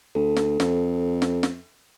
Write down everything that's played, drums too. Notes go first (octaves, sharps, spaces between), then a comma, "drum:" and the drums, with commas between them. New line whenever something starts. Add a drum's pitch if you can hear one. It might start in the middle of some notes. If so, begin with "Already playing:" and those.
D2 A4
drum: snare
F2, drum: snare
drum: snare
drum: snare